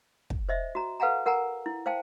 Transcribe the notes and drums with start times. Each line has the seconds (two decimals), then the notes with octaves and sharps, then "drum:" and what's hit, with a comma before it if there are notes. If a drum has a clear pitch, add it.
0.30 drum: kick
0.49 C5 D#5 E5
0.75 F#4 A#5
1.00 A4 B4 F5 F#5 G#5 A#5
1.26 A#4 F#5 G#5 A#5
1.66 E4
1.86 C5 F5 G5 A5